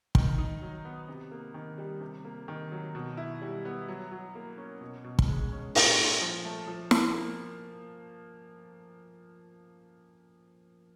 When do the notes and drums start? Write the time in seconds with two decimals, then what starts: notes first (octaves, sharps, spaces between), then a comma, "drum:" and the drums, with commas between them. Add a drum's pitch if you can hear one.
0.15 D#3, drum: kick
0.38 D#4
0.62 F#3
0.85 B3
1.08 C3
1.31 A#3
1.54 D#3
1.78 G3
2.01 C3
2.25 A#3
2.48 D#3
2.72 F#3
2.95 B2
3.17 E4
3.42 G3
3.65 B3
3.88 F#3
4.11 F#3
4.35 A#3
4.58 C#4
4.81 B2
5.04 B2
5.19 drum: kick
5.28 G#3
5.52 C#4
5.75 A#2, drum: open hi-hat
5.98 A#2
6.22 F3
6.45 A3
6.67 F3
6.91 F3, drum: snare
7.14 A#3